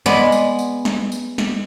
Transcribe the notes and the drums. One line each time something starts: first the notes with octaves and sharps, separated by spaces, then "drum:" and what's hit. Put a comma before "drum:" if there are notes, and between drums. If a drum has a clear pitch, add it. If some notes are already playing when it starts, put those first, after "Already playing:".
G#3 B3 D5, drum: snare
drum: tambourine
drum: tambourine
drum: snare
drum: tambourine
drum: snare